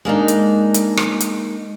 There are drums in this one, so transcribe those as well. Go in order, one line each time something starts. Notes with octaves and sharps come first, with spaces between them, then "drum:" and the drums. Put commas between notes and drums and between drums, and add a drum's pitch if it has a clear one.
G#3 A#3 D4 D#4
drum: hi-hat
drum: hi-hat
drum: rim click
drum: hi-hat